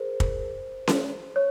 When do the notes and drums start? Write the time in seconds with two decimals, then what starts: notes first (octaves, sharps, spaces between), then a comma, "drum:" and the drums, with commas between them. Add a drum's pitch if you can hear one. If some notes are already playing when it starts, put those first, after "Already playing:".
Already playing: G#4 A#4 C5
0.20 drum: kick
0.87 drum: snare C#4
1.36 C#5